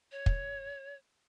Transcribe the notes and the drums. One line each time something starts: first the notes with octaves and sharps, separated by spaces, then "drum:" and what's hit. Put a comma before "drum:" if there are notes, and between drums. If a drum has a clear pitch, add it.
C#5
drum: kick